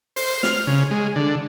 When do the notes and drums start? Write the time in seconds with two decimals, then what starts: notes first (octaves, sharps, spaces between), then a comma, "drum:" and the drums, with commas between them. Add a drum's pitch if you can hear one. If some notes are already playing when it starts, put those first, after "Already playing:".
0.16 C5, drum: open hi-hat
0.43 F6, drum: snare
0.67 C#3
0.91 G#3
1.16 D3